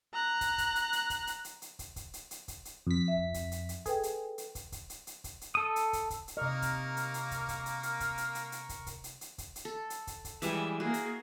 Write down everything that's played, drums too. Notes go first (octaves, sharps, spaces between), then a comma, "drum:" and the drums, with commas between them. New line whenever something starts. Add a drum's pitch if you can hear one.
A#5 F#6
drum: kick, hi-hat
drum: kick, hi-hat
drum: hi-hat
drum: hi-hat
drum: kick, hi-hat
drum: hi-hat
drum: hi-hat
drum: hi-hat
drum: kick, hi-hat
drum: kick, hi-hat
drum: hi-hat
drum: hi-hat
drum: kick, hi-hat
drum: hi-hat
F2 B6
E5
drum: kick
drum: kick, hi-hat
drum: hi-hat
drum: hi-hat
G#4 A4 B4 G5, drum: kick, hi-hat
drum: hi-hat
drum: hi-hat
drum: kick, hi-hat
drum: kick, hi-hat
drum: hi-hat
drum: hi-hat
drum: kick, hi-hat
drum: hi-hat
A4 D#6
drum: hi-hat
drum: kick, hi-hat
drum: kick, hi-hat
drum: hi-hat
C3 A#3 A#4 D#5 C#6 F6
drum: kick, hi-hat
drum: hi-hat
drum: hi-hat
drum: kick, hi-hat
drum: kick, hi-hat
drum: hi-hat
drum: hi-hat
drum: kick, hi-hat
drum: hi-hat
drum: hi-hat
drum: hi-hat
drum: kick, hi-hat
drum: kick, hi-hat
drum: hi-hat
drum: hi-hat
drum: kick, hi-hat
drum: hi-hat
A4
drum: hi-hat
drum: kick, hi-hat
drum: kick, hi-hat
E3 G3 G#3 E5, drum: hi-hat
A#3 F#4 G#4
drum: hi-hat